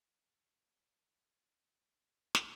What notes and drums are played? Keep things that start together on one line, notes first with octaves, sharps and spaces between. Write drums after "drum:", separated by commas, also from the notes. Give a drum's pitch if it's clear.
E4 G4 A4 C#5 C#6
drum: snare